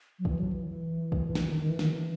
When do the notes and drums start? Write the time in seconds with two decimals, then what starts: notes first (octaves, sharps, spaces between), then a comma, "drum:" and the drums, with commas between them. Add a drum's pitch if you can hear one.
0.19 F#3
0.25 E3, drum: kick
0.39 F#3
0.52 E3
0.67 E3
1.12 drum: kick
1.35 drum: snare
1.48 D#3
1.59 D#3
1.69 E3
1.79 D#3, drum: snare
1.90 E3